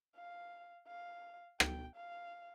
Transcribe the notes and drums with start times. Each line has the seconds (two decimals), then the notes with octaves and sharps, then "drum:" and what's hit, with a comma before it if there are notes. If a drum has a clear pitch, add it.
0.16 F5
0.87 F5
1.60 G5, drum: rim click
1.96 F5